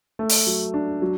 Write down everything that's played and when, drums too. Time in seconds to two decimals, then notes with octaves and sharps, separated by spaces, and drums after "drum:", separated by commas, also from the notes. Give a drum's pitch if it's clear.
0.19 A3
0.29 drum: open hi-hat
0.47 F#3
0.74 D4
1.02 F#3